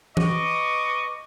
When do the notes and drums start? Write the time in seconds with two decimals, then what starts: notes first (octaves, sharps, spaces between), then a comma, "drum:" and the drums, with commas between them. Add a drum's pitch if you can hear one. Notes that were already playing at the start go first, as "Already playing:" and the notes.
0.17 B4 D#5 C#6 D6, drum: tom